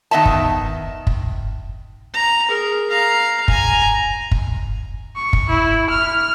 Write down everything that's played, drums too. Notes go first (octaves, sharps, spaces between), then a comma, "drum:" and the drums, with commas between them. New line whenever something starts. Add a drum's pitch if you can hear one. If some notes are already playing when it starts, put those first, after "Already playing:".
D#3 B3 D#5 E5 A5
drum: kick F#1
drum: kick F#1
A#5
G#4 A#4
F5 A#5
G#5 A#5, drum: kick F#1
drum: kick F#1
C#6
drum: kick F#1
E4
F6